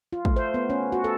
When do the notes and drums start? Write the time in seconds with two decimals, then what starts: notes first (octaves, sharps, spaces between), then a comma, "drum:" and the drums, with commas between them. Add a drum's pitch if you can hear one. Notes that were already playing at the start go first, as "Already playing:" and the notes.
0.13 F4
0.25 A3, drum: kick
0.36 C5
0.54 B3
0.70 C#4
0.92 F#4
1.04 A4